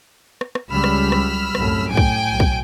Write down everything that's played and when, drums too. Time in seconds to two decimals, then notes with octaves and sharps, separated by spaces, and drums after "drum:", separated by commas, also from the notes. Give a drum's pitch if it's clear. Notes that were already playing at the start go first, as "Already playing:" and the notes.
0.41 drum: rim click
0.55 drum: rim click
0.69 C#2 F#3 G3 B5 E6 F6
0.84 drum: rim click
1.12 drum: rim click
1.55 C2 F#2 A2, drum: rim click
1.88 A2 G5 G#5 D7
1.97 drum: kick
2.30 B1
2.40 drum: kick